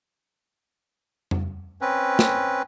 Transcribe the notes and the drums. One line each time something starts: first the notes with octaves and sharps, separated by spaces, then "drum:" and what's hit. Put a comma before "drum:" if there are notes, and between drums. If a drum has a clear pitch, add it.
drum: tom F2
C4 C#4 B4
drum: snare